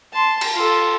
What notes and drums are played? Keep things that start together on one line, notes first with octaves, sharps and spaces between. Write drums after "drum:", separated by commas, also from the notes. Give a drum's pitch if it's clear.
A5 C6
drum: cymbal
F4 A4